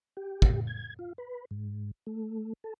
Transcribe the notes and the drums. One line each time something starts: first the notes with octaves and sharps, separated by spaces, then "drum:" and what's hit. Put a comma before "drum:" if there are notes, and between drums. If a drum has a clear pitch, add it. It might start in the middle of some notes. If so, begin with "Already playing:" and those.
G4
drum: kick
G#6
F4
B4
G#2
A3
A4